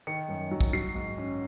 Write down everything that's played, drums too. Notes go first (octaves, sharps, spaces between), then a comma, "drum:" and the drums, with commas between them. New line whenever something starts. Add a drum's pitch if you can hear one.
D#3 C#7
F#2
F#3
drum: kick
F#3 C7
G#2
C#4